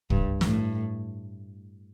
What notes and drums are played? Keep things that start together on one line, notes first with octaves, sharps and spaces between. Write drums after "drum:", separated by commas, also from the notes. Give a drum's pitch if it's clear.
G2, drum: kick
A2, drum: snare